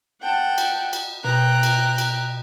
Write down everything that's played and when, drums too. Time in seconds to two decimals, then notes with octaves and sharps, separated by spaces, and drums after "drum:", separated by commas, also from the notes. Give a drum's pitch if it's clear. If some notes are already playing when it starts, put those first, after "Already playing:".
0.23 F#5 G5 A5
0.58 drum: cymbal
0.93 drum: cymbal
1.25 B2 G5 A#5 F#6
1.63 drum: cymbal
1.98 drum: cymbal